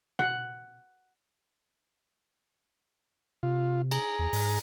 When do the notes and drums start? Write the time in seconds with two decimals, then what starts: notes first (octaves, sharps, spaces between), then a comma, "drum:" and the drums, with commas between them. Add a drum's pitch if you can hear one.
0.19 F#5, drum: tom B2
3.43 C3 F4
3.91 G#4 A#5, drum: cymbal
4.19 E2
4.33 G#2, drum: open hi-hat